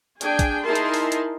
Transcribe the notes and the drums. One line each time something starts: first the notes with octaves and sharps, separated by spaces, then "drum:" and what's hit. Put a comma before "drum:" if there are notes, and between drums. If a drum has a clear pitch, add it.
D4 G#4 G5 G#5, drum: hi-hat
drum: kick, hi-hat
D#4 E4 G#4 A#4 A5 C6
drum: hi-hat
drum: open hi-hat
drum: hi-hat